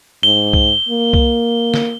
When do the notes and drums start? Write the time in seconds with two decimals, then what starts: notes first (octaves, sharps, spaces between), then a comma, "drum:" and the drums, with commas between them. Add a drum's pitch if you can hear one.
0.23 G#2 G7
0.53 drum: kick C2
0.89 A#3
1.13 drum: kick C2
1.74 drum: snare